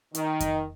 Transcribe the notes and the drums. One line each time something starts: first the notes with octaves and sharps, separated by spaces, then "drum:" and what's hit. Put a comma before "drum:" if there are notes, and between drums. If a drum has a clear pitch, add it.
D#3, drum: hi-hat
drum: kick F2, hi-hat